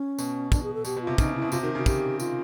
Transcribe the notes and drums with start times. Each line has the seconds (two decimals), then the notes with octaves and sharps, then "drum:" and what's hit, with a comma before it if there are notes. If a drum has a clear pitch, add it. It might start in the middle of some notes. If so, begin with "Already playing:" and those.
Already playing: C#4
0.18 B2, drum: tambourine
0.52 D4, drum: kick, tambourine
0.63 G#4
0.74 A4
0.85 B2 G4, drum: tambourine
0.96 B2
1.02 F4
1.07 C3
1.18 C#3 D#4, drum: kick, tambourine
1.36 E4
1.42 B2
1.52 C3 F4, drum: tambourine
1.61 D#3 F#4
1.75 C#3 F#4
1.86 G4, drum: kick, tambourine
2.20 F4, drum: tambourine